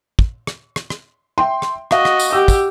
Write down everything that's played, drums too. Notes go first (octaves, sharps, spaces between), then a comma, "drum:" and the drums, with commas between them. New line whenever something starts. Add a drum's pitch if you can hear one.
drum: kick
drum: rim click
drum: rim click
drum: rim click
E5 G5 C6
drum: rim click
F#4 D#5 F5 C#6, drum: rim click
drum: rim click
drum: tambourine
G4 F#5 E6
drum: kick, tambourine